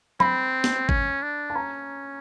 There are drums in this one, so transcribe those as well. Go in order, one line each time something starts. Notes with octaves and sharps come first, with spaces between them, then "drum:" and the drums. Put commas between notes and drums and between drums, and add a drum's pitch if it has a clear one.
C4 B5, drum: tom F#3
drum: snare
C#4, drum: kick
D4
A5
C#4 A#5